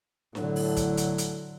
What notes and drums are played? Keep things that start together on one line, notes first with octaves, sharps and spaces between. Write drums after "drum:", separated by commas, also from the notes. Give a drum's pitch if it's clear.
A2 D3 F#3, drum: snare D4
drum: open hi-hat
drum: kick, hi-hat
drum: hi-hat
drum: hi-hat